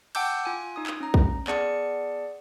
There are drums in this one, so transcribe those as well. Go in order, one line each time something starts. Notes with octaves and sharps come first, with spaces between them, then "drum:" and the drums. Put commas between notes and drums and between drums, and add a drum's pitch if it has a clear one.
F#5 G5 A5 D6 E6 G6, drum: cymbal
F4 G#5
D#4 D#6
drum: clap
C#4 A#5
drum: kick
B3 G#4 D5 A5 C#7, drum: clap